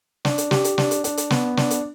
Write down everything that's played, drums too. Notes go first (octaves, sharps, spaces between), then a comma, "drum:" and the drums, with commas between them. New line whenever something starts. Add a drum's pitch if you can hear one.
D4, drum: snare
drum: hi-hat
G4, drum: snare
drum: hi-hat
D4, drum: snare
drum: hi-hat
D4, drum: hi-hat
drum: hi-hat
B3, drum: snare
D4, drum: snare
drum: hi-hat